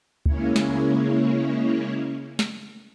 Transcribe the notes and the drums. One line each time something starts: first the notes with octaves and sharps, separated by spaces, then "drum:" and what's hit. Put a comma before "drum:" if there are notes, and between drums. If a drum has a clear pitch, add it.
C#3 G#3 A#3 C#4 E4 C#5, drum: kick C#2
drum: snare
drum: snare